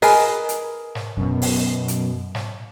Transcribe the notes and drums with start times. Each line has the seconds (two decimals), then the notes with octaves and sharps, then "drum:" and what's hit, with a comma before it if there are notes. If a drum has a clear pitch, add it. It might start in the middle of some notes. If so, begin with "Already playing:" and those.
0.02 G#4 A#4 B4 D#5 G#5, drum: open hi-hat
0.49 drum: hi-hat
0.95 drum: snare
1.17 F#2 B2, drum: kick
1.42 drum: open hi-hat
1.88 drum: hi-hat
2.35 drum: snare